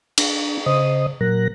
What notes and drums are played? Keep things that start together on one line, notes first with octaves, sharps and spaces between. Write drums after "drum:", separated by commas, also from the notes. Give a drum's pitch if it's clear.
D4, drum: cymbal
C#3 C5 D#5 D#6
A#2 F#3 A#4 F#6 A#6